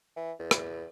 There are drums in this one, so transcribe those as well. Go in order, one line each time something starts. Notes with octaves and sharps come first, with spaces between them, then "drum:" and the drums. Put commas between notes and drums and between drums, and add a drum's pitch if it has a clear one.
E3
E2
drum: rim click